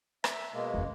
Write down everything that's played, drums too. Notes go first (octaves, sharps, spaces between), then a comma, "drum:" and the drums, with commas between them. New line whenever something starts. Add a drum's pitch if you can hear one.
E5, drum: rim click
B2 G#3 A#3
F#1 E2